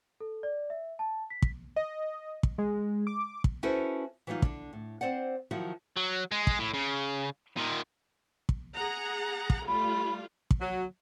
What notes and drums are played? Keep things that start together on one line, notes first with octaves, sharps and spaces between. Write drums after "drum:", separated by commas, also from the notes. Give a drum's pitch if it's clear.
A4
D5
E5
A5
B6
drum: kick
D#5
drum: kick
G#3
D6
drum: kick
C#4 E4 F#4 A4 B4 C5
E3 F#3 G3 D#4 F4
D3 D4, drum: kick
A2
C4 C5 D5 F#5
D#3 F3 F#3 E4 F#4
F#3
G#3
drum: kick
A2
C#3
A#2 D#3
drum: kick
G#4 F#5 A#5
drum: kick
G3 A3 F4 B5
drum: kick
F#3